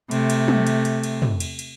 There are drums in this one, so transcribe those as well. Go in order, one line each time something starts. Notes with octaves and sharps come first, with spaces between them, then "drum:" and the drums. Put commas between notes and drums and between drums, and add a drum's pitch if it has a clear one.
C3 A3, drum: cymbal
drum: cymbal
drum: tom
drum: cymbal
drum: cymbal
drum: cymbal
drum: tom
drum: cymbal
drum: cymbal